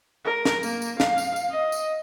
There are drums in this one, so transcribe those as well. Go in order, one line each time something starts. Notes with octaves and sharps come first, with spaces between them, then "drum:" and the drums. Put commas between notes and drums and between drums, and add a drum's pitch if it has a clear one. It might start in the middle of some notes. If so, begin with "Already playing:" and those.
A#4
drum: snare
A#3, drum: tambourine
drum: tambourine
F5, drum: snare
drum: tambourine
drum: tambourine
D#5
drum: tambourine